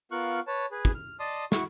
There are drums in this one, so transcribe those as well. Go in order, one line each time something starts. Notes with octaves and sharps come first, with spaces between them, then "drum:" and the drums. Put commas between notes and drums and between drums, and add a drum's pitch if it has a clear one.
B3 F4 A#4 F5 C#6 F#6
B4 C#5 A5
G#4 B4
drum: kick
F6
D5 D#5 A5 C6 D#6
E4 F#4 C#6, drum: snare